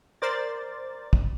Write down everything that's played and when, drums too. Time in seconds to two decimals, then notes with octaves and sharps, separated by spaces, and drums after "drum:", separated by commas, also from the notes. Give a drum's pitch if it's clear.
0.22 A#4 C5 D5 A6
1.13 drum: kick